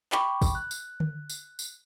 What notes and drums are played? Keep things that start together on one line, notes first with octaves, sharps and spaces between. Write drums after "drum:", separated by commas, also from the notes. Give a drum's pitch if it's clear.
G5 B5 C#6 D6, drum: clap
drum: kick, tambourine
F#6
drum: tambourine
drum: tom D3
drum: tambourine
drum: tambourine